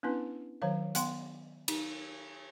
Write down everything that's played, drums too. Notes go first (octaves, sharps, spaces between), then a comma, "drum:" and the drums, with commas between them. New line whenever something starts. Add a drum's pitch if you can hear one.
B3 C#4 D4 E4 B4
D#3 F#3 C5 C#5 F5
B3 G5 C6, drum: hi-hat
D#4, drum: cymbal